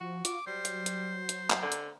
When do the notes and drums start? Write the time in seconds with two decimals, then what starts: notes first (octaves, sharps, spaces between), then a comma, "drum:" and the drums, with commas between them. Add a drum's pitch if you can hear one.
0.01 F3 F#4
0.25 F4 D6, drum: hi-hat
0.47 F#3 G3 C5
0.65 drum: hi-hat
0.86 drum: hi-hat
1.29 drum: hi-hat
1.50 drum: clap
1.62 D3
1.72 drum: hi-hat